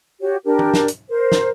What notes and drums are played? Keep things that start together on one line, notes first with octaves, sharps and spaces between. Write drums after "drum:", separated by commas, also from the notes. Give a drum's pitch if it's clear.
F#4 G4 C#5
D4 G4 A#4
drum: tom
drum: snare
drum: hi-hat
A#4 C5
drum: snare